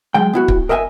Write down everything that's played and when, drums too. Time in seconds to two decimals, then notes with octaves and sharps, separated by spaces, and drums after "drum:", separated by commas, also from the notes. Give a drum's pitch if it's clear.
0.14 F#3 G#3 G5
0.33 B3 E4 F#4
0.48 drum: kick
0.69 A#4 D#5 E5 G5 G#5